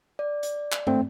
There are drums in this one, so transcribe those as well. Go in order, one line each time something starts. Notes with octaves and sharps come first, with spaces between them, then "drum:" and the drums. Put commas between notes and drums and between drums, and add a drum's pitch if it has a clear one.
D5
drum: hi-hat
drum: clap
A3 C4, drum: tom G2